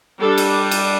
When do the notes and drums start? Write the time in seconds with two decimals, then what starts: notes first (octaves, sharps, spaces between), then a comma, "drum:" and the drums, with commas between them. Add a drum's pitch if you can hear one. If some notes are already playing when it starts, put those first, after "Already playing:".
0.21 G3 D4 A4
0.38 drum: cymbal
0.71 drum: cymbal